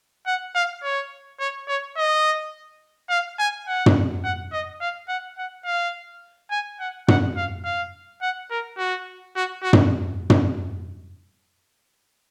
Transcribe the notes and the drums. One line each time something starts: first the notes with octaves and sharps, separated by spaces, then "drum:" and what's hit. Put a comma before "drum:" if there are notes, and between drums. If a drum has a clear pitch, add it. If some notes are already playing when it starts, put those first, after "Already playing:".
F#5
F5
C#5
C#5
C#5
D#5
F5
G#5
F#5
drum: tom
F#5
D#5
F5
F#5
F#5
F5
G#5
F#5
F#5, drum: tom
F5
F5
F#5
A#4
F#4
F#4
F#4
drum: tom
drum: tom